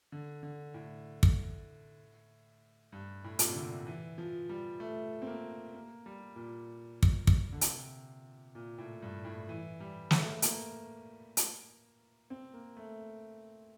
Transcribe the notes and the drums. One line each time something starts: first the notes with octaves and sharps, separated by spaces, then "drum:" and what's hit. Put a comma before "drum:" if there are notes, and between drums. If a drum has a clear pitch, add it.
D3
D3
A2
drum: kick
G2
A2
A#2, drum: hi-hat
C3
D3
E3
F3
G3
A3
C4
A#3
A#3
G3
A#2
drum: kick
drum: kick
D3
C3, drum: hi-hat
A#2
A2
G2
A2
E3
G3
A3, drum: snare
A#3, drum: hi-hat
drum: hi-hat
C4
A#3
A3